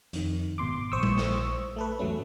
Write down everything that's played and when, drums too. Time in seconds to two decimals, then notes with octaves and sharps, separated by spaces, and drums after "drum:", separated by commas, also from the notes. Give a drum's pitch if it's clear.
0.13 F2 D#3, drum: hi-hat
0.58 G#1 B2 C6 D6
0.92 A#1 C5 C#6 D#6 E6
1.03 drum: tom G3
1.18 drum: snare
1.76 A3 A4 B4
1.99 E2 G#2 F#3 A3 C#4